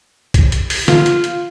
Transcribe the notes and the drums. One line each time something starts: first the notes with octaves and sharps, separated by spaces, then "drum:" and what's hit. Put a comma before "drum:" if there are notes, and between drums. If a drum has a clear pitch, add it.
drum: kick, hi-hat
drum: hi-hat
drum: open hi-hat
F4, drum: snare
drum: hi-hat
drum: hi-hat